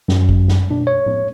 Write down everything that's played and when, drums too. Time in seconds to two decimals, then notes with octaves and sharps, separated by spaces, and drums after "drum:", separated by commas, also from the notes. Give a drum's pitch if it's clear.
0.08 F#2, drum: snare
0.29 drum: kick
0.48 drum: snare
0.71 D4, drum: tom B2
0.87 C#5
1.06 drum: tom